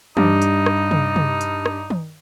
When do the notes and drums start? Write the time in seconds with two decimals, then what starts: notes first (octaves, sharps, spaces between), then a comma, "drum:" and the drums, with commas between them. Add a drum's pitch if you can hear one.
0.17 G2 D#4, drum: tom E3
0.42 drum: hi-hat
0.66 drum: rim click
0.91 drum: tom C3
1.16 drum: tom C3
1.41 drum: hi-hat
1.66 drum: rim click
1.90 drum: tom D#3